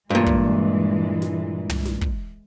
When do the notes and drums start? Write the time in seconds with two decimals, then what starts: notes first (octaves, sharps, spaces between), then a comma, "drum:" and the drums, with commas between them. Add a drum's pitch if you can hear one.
0.10 G2 A#2 E3 G#3
0.26 drum: kick
1.22 drum: snare
1.69 drum: tom
1.85 drum: snare
2.01 drum: kick